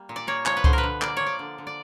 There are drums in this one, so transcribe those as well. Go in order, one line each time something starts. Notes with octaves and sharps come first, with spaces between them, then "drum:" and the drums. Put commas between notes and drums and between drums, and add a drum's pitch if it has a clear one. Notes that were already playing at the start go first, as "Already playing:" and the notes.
Already playing: G3 A#3
A#2
D5
A#3 C#5
F3 C#5, drum: clap
B4
D3 C5, drum: kick C#2
A#4 B4
D3
A#3 D5, drum: clap
F3 C#5
D5
D3
D3
D5